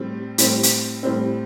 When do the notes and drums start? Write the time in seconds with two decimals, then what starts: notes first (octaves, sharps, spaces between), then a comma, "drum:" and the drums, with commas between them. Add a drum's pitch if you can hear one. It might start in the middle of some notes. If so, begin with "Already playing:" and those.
Already playing: A2 G3 C4
0.38 A2 G3 C4, drum: hi-hat
0.63 drum: hi-hat
1.03 A2 G3 C4